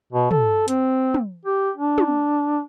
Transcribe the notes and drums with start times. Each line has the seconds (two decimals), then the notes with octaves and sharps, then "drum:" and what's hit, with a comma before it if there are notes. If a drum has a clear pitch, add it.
0.12 B2
0.31 A4, drum: tom
0.68 C4, drum: hi-hat
1.14 drum: tom
1.45 G4
1.76 D4
1.98 drum: tom